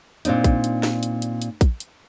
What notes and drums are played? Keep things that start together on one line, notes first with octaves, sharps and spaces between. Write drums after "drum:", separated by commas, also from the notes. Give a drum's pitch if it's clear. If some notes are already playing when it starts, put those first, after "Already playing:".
A#2 C4 D4 D#4, drum: hi-hat
drum: kick, hi-hat
drum: hi-hat
drum: snare
drum: hi-hat
drum: hi-hat
drum: hi-hat
drum: kick, hi-hat
drum: hi-hat